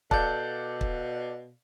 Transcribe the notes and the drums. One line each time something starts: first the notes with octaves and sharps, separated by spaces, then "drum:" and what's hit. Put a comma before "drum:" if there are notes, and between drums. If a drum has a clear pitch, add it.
B2 A4 D5 F5 A5 F#6 G6, drum: kick
drum: kick